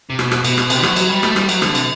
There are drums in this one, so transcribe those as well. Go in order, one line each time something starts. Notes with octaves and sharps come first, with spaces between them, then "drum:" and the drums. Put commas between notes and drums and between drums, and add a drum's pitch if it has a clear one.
C3
B2, drum: rim click
drum: rim click
B2, drum: cymbal
drum: rim click
C3, drum: cymbal
F#3, drum: rim click
F#3, drum: cymbal
G3
A3, drum: rim click
G3, drum: rim click
F#3, drum: cymbal
D3, drum: rim click
C3, drum: cymbal